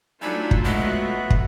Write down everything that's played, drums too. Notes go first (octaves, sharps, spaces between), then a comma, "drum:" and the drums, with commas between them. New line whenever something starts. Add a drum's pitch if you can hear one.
F#3 A3 D4 D#4 F4 G#5 B5 E6
drum: kick
G#3 B3 F#4 E5 F#6
drum: kick